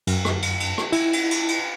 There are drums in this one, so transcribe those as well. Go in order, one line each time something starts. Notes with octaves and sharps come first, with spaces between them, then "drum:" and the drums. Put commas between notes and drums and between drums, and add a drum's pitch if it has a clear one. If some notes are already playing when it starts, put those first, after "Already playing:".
F#2, drum: cymbal
drum: rim click
drum: cymbal
drum: cymbal
drum: rim click
E4, drum: cymbal
drum: cymbal
drum: cymbal
drum: cymbal